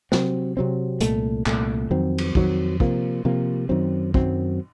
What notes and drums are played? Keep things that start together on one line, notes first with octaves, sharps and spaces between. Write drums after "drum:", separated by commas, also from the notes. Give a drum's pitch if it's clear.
C3 F#3 C4, drum: snare
C3 F#3 C4
C2 A#2 A3, drum: hi-hat
C2 A#2 A3, drum: clap
F2 D#3 F#3 C4
drum: cymbal
F2 D#3 F#3 C4, drum: kick
C3 F3 A#3, drum: kick
C3 F3 A#3
F#2 D#3 F#3 C4
F#2 D#3 F#3 C4, drum: kick